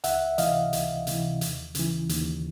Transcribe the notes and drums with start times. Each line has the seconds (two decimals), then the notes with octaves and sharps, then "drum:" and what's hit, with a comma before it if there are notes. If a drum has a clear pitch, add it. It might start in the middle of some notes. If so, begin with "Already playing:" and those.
0.04 C#2 E5 F#5, drum: hi-hat
0.38 C3 E3 D#5 F5, drum: hi-hat
0.73 C#2, drum: hi-hat
1.07 C3 E3, drum: hi-hat
1.41 D#2, drum: hi-hat
1.75 C#3 E3, drum: hi-hat
2.09 D#2, drum: hi-hat